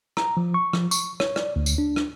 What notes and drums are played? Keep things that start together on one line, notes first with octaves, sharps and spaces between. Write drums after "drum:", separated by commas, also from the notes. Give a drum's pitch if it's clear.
A#5, drum: rim click
F3
C#6
F3, drum: rim click
C#6, drum: tambourine
C#5, drum: rim click
D5, drum: rim click
D2
drum: tambourine
D4
drum: rim click